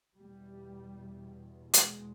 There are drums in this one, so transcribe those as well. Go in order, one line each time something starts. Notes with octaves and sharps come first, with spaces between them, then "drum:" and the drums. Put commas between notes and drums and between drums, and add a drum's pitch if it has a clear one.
E2 B2 G3
G#3, drum: hi-hat